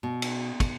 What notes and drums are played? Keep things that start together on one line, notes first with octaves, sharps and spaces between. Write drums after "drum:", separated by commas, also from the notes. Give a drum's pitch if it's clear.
B2
drum: cymbal
drum: kick, cymbal